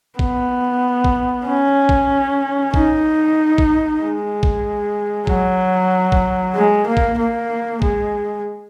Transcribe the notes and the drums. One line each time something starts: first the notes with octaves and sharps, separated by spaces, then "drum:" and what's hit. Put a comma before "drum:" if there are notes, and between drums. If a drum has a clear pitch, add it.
B3, drum: kick
drum: kick
C#4
drum: kick
D#4, drum: kick
drum: kick
G#3
drum: kick
F#3, drum: kick
drum: kick
G#3
A#3
drum: kick
A#3
G#3, drum: kick